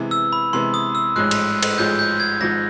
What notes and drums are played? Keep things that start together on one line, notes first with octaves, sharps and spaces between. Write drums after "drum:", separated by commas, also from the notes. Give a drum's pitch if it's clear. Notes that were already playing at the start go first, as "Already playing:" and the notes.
Already playing: C3 E3 G#3 B3
E6
B5
C3 E3 G#3 B3 C6
D#6
E6
A1 G#2 F3 G#3 F#6
drum: cymbal
drum: cymbal
A1 G#2 F3 G#3 G6
G6
G#6
G#1 G#2 F3 A#6